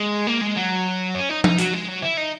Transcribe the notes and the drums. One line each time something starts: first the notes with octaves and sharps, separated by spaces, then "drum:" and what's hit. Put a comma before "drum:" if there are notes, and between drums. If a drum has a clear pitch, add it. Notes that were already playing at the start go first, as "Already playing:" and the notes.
Already playing: G#3
A#3
G#3
F#3
C#4
D#4
D#4, drum: tom F3
F#3, drum: hi-hat
G#3
F#3
E4
D#4